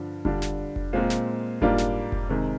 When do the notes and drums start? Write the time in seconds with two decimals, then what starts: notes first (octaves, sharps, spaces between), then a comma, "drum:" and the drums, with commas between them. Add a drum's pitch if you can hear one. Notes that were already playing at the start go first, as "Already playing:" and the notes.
Already playing: G2 D3 F3
0.25 D3 G3 D4 F4, drum: kick F1
0.42 drum: snare
0.76 drum: kick F1
0.93 A#2 G#3 C4 F4
1.10 drum: snare
1.62 G#2 G3 A#3 D4 F4, drum: kick F1
1.78 drum: snare
2.12 drum: kick F1
2.29 C3 D#3 G#3